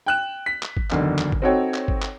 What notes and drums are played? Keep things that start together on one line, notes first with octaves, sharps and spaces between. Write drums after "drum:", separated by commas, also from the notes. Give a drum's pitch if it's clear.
G5 F#6 E7
B6
drum: clap
drum: kick G1
F#1 E2 D3 D#3, drum: clap
drum: clap
drum: kick G1
C4 D#4 F#4 A4 C#5 G5
drum: clap
drum: kick G1
drum: clap